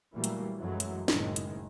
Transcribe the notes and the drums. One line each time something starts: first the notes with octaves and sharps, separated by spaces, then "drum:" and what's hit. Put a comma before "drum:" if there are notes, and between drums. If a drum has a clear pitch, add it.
A#2 E3 F#3 G3 A3 A#3
drum: hi-hat
F#2 E3 F#3 G#3 A3
drum: hi-hat
F#1 A2 D#3 G#3, drum: snare
drum: hi-hat